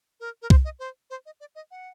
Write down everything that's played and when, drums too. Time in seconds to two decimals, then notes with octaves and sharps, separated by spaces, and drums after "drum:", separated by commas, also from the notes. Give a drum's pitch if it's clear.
0.20 A#4
0.42 A#4
0.50 C5, drum: kick C2
0.64 D#5
0.79 C5
1.10 C5
1.26 D#5
1.40 D5
1.55 D#5
1.71 F#5